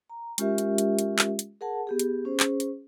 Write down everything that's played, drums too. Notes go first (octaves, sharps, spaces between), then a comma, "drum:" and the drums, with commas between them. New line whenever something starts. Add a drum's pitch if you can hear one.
A#5
G#3 C#4 F4 G4 A#4 E5, drum: hi-hat
drum: hi-hat
drum: hi-hat
drum: hi-hat
drum: clap
drum: hi-hat
G#4 A#4 F#5 A5
B3 G4 G#4
drum: hi-hat
C#4 G#4 C5
drum: clap
drum: hi-hat